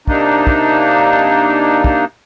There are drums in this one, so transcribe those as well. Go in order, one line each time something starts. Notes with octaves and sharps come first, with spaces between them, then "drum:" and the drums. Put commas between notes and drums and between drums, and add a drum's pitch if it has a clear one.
C3 A#3 D4 D#4, drum: kick
drum: kick
drum: kick